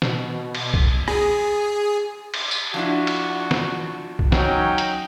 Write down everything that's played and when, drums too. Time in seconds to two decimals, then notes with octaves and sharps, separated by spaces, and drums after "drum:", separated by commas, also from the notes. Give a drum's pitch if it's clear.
0.02 B2, drum: snare
0.55 drum: cymbal
0.74 drum: kick B1
1.08 G#4, drum: rim click
2.34 drum: cymbal
2.51 drum: tambourine
2.74 F3 D4 E4 F#4
3.07 drum: cymbal
3.51 drum: snare
4.19 drum: kick B1
4.32 F#3 C#4 D#4 G5, drum: snare
4.78 drum: hi-hat